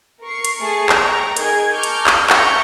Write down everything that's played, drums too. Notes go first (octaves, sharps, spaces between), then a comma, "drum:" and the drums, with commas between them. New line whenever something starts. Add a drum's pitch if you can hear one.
A#4 C#6 C7
drum: hi-hat
A3 G#4 A5 C#6 C7
G5 A#5 C#6, drum: clap
D#4 G#4 A#4 D#5 G#6, drum: hi-hat
A5 A#5 C#6 D6 F6 G6
drum: hi-hat
drum: clap
E5 G5 A5 A#5 C#6 G6, drum: clap